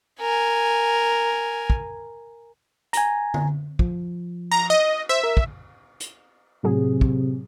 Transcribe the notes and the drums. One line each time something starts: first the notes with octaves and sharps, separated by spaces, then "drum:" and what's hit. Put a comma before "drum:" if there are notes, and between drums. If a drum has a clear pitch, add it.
A#4 G#5
drum: kick
G#5 A#5, drum: hi-hat
drum: tom D3
F3, drum: kick
A#5, drum: cymbal
D#5
C5 E5
A#4
drum: kick
drum: hi-hat
A2 C3 F#3 G#4
drum: kick